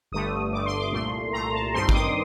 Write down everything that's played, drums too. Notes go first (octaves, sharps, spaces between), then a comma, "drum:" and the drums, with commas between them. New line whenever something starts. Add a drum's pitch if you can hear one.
G1 G2 D3 A3 D#6
G1 G2 D3 A3 D6
C6
D6
C2 A#2 A3 C6
C2 A#2 A3 A#5
A5
G2 D#3 G3 C4 D#4 C6
D6, drum: kick G#1
D#6